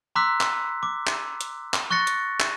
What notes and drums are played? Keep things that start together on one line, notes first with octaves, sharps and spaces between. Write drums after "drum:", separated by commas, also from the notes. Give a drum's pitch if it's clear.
A#5 C6 D6 E6 F#6 B6
drum: clap
D6
drum: clap
drum: hi-hat
drum: clap
C#6 F#6 A6 A#6 C#7
drum: hi-hat
drum: clap